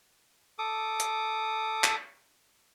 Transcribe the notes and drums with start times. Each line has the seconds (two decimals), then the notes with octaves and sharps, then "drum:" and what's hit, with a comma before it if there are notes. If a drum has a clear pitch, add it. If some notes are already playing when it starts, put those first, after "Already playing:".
0.58 A4 D6 D#6
1.00 drum: hi-hat
1.84 drum: clap